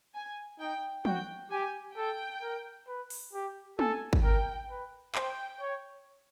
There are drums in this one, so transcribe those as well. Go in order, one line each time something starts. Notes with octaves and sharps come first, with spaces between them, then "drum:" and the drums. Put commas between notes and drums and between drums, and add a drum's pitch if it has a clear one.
G#5
D#4 G5
F#4 G5, drum: tom
G4 G#5
A4 G5
A#4
B4
drum: open hi-hat
G4
A4 G#5, drum: tom
drum: kick G#1
A#4 G5
B4
C5 G5, drum: clap
C#5